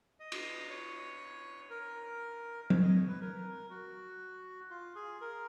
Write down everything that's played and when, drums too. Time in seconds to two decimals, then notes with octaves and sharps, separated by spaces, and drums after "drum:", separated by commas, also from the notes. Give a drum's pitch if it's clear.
0.20 D#5
0.32 drum: cymbal
0.70 C#5
1.70 A#4
2.70 C#5, drum: tom F#3
2.82 D#5
2.96 C#5
3.08 B4
3.21 A#4
3.70 F#4
4.70 F4
4.95 G#4
5.21 A#4